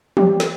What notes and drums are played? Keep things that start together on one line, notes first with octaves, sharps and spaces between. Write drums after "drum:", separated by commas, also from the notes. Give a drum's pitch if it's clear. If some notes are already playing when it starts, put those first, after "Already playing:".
G4, drum: tom
drum: snare